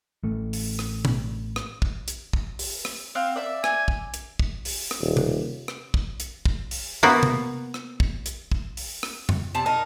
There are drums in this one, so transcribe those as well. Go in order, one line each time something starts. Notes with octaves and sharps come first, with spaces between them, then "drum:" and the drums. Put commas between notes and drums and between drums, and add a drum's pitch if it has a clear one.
A1 A3
drum: open hi-hat
drum: rim click
drum: tom
drum: rim click
drum: kick
drum: hi-hat
drum: kick
drum: open hi-hat
drum: rim click
C4 F5 F#5
D5 E5
G#5, drum: rim click
drum: kick
drum: hi-hat
drum: kick
drum: open hi-hat
drum: rim click
D#1
drum: tom C3
drum: rim click
drum: kick
drum: hi-hat
drum: kick
drum: open hi-hat
A#3 B3 F#4
drum: tom C3
drum: rim click
drum: kick
drum: hi-hat
drum: kick
drum: open hi-hat
drum: rim click
drum: tom F2
C3 A5
D#4 A#4 A5